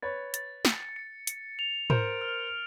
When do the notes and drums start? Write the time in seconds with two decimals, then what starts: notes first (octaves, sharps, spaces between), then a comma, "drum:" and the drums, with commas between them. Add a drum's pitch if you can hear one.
0.02 B4 C#5 A6
0.34 A6, drum: hi-hat
0.65 C#7, drum: snare
0.96 C#7
1.27 C#7, drum: hi-hat
1.59 F7
1.90 A#4 C5 D7, drum: tom
2.22 F6